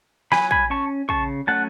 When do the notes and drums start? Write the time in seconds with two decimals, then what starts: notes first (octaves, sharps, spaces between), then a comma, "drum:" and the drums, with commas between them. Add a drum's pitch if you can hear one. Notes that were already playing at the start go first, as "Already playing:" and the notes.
0.32 F#3 G#5 B5, drum: snare
0.51 G#5 B5, drum: kick
0.70 C#4 A5 C#6
1.09 C#3 A5 C#6, drum: kick
1.47 F#3 A3 C#4 F#5 A5